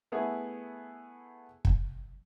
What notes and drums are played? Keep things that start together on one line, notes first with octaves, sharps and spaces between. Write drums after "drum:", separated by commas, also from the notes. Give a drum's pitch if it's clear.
A3 B3 E4 G#4
drum: kick